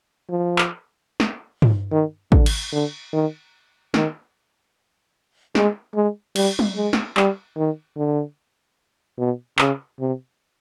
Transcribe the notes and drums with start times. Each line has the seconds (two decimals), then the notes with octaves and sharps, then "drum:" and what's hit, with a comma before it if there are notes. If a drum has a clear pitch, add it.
0.30 F3
0.58 drum: clap
1.20 drum: snare
1.62 drum: tom
1.91 D#3
2.32 D3, drum: kick
2.46 drum: cymbal
2.72 D3
3.13 D#3
3.94 D#3, drum: snare
5.55 G#3, drum: snare
5.95 G#3
6.36 G3, drum: cymbal
6.59 drum: tom
6.76 G#3
6.93 drum: snare
7.17 G3, drum: clap
7.57 D#3
7.97 D3
9.19 B2
9.59 C#3, drum: clap
10.00 C3